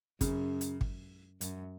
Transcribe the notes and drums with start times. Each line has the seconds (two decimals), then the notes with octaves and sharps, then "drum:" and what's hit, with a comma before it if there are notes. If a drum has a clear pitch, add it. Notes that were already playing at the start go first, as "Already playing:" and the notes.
0.21 F#2 C#3, drum: kick G#1, hi-hat
0.61 drum: hi-hat
0.81 drum: kick G#1
1.41 F#2, drum: hi-hat